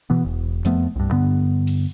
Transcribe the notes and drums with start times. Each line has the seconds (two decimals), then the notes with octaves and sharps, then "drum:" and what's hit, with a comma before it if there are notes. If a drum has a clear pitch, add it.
0.10 B2 E3 B3
0.25 E1
0.65 F2 F3 A3 B3, drum: hi-hat
0.96 C2 G2
1.11 G2 D3 B3
1.67 drum: open hi-hat